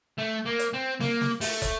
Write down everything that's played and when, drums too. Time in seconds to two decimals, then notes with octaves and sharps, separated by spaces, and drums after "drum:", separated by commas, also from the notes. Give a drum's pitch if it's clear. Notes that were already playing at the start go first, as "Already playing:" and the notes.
0.18 A3
0.45 A#3
0.59 drum: hi-hat
0.73 C4
1.01 A#3, drum: snare
1.21 drum: snare
1.41 A3, drum: open hi-hat
1.62 drum: kick, hi-hat